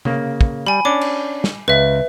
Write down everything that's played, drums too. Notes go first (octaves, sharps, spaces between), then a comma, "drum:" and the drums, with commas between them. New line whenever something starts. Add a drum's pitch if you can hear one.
C#3 A#3, drum: tom C3
drum: kick
G3 G#5 B5
C#4 D4 D6
drum: cymbal
drum: snare
C#2 B4 E5